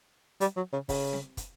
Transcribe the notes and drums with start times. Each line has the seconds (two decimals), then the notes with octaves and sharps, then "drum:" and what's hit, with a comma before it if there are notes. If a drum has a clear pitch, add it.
0.41 G3, drum: hi-hat
0.56 F#3
0.73 C#3
0.89 C#3, drum: kick, open hi-hat
1.13 drum: snare C4
1.37 drum: kick, hi-hat